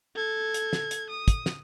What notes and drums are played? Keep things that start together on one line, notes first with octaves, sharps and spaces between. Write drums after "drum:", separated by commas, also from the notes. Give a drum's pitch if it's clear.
A4 G#6
drum: hi-hat
drum: snare
drum: hi-hat
D#6
drum: kick, hi-hat
drum: snare